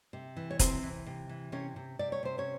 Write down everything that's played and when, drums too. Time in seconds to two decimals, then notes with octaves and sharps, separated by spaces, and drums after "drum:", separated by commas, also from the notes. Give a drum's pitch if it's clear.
0.13 C3
0.36 E3
0.51 C#5
0.59 C3 C4 C5, drum: kick, hi-hat
0.83 E3
1.06 C3
1.29 E3
1.52 C3 C#4 C#5
1.76 C3
1.99 C3 D5
2.12 C#5
2.23 C3 C5
2.38 C#4 C#5